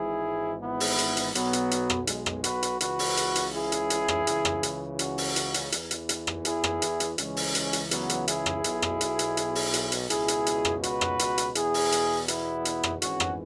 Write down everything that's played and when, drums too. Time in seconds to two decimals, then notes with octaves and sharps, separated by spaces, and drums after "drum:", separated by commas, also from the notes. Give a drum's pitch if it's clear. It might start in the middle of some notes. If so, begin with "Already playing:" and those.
Already playing: G#1 G#2 E3 E4 G#4
0.62 B3 E4
0.80 drum: open hi-hat
0.98 drum: hi-hat
1.17 drum: hi-hat
1.35 B1 B2 F#3 B3, drum: hi-hat
1.53 drum: hi-hat
1.71 drum: hi-hat
1.90 drum: rim click
2.07 G#3, drum: hi-hat
2.26 drum: rim click
2.44 F#4 B4, drum: hi-hat
2.63 drum: hi-hat
2.81 C#2 C#3 E3 F#4 B4, drum: hi-hat
2.99 drum: open hi-hat
3.17 drum: hi-hat
3.35 drum: hi-hat
3.54 E4 G#4
3.72 drum: hi-hat
3.90 drum: hi-hat
4.08 drum: rim click
4.27 C#2 C#3 E3, drum: hi-hat
4.45 drum: rim click
4.63 drum: hi-hat
4.99 C#4 F#4, drum: hi-hat
5.18 drum: open hi-hat
5.36 drum: hi-hat
5.54 drum: hi-hat
5.72 E2 E3, drum: hi-hat
5.91 drum: hi-hat
6.09 drum: hi-hat
6.27 drum: rim click
6.45 E4 G#4, drum: hi-hat
6.64 drum: rim click
6.82 drum: hi-hat
7.00 drum: hi-hat
7.18 C#2 C#3 E3 G#3 C#4, drum: hi-hat
7.37 drum: open hi-hat
7.55 drum: hi-hat
7.73 drum: hi-hat
7.91 F#3 B3, drum: hi-hat
8.09 drum: hi-hat
8.28 E4 G#4, drum: hi-hat
8.46 drum: rim click
8.64 B1 B2, drum: hi-hat
8.82 drum: rim click
9.01 drum: hi-hat
9.19 drum: hi-hat
9.37 drum: hi-hat
9.55 drum: open hi-hat
9.74 drum: hi-hat
9.92 drum: hi-hat
10.10 C#2 B2 E4 G#4, drum: hi-hat
10.28 drum: hi-hat
10.46 drum: hi-hat
10.65 drum: rim click
10.83 F#4 B4, drum: hi-hat
11.01 drum: rim click
11.19 drum: hi-hat
11.38 drum: hi-hat
11.55 E2 B2 E4 G#4, drum: hi-hat
11.74 drum: open hi-hat
11.92 drum: hi-hat
12.28 B3 E4, drum: hi-hat
12.65 drum: hi-hat
12.83 drum: rim click
13.02 G#1 G#2 E3 C#4 F#4, drum: hi-hat
13.20 drum: rim click